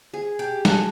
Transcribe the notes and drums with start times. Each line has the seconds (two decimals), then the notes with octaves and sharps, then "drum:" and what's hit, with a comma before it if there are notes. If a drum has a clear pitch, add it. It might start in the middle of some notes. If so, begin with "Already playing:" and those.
0.14 G#4
0.39 G4
0.65 F#4 A4 G#5, drum: snare